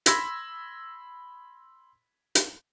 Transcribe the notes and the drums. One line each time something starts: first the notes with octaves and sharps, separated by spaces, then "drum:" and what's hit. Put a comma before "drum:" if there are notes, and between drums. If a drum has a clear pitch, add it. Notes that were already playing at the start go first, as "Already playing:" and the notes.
B5 C6 E6 G#6 A#6 B6, drum: hi-hat
drum: hi-hat